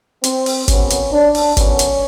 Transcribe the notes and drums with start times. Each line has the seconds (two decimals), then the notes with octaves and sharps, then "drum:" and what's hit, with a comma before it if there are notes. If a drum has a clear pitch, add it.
0.24 C4, drum: hi-hat
0.46 drum: open hi-hat
0.68 F#2 C#3 F#3 B3 C#4, drum: kick G1, hi-hat
0.90 drum: hi-hat
1.12 D4
1.35 drum: open hi-hat
1.57 F#2 D3 F#3 B3 C#4, drum: kick G1, hi-hat
1.79 drum: hi-hat